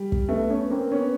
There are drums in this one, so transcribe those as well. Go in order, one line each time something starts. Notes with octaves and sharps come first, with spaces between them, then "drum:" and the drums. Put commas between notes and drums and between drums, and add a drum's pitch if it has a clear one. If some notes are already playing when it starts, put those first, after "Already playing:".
Already playing: G3
drum: kick
A3 B3
B3 C#4
A#3 C4
B3 C#4